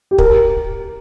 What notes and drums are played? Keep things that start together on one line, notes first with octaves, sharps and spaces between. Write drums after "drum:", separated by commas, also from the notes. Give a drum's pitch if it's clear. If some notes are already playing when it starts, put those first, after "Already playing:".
G4
A#4, drum: kick